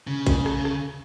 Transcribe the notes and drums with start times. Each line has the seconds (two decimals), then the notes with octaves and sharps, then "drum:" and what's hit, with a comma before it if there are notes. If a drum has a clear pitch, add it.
0.07 C#3
0.27 drum: kick, hi-hat
0.46 drum: rim click
0.65 drum: rim click